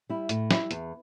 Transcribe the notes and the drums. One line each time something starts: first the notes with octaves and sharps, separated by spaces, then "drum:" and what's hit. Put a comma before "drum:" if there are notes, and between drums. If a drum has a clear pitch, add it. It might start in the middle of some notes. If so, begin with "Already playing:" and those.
G3 E4
A2, drum: hi-hat
G3 E4, drum: snare
E2, drum: hi-hat